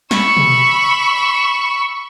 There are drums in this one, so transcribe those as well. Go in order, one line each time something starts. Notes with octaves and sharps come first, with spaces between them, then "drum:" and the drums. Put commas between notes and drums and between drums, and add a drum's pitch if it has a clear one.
B5 C#6 E6, drum: snare
drum: tom B2